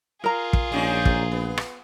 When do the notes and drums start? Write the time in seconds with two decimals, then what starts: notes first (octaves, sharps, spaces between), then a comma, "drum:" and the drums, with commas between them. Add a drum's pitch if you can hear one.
0.24 F4 G#4 A#4 A#5
0.53 drum: kick
0.72 A#1 G3 C#4 D#4 G#5
1.05 drum: kick
1.31 B3
1.58 drum: rim click